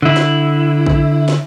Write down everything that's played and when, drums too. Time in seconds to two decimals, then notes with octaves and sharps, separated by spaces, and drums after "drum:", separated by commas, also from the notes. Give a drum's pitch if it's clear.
0.02 D3 E4
0.16 drum: snare
0.86 drum: kick A1
1.28 drum: snare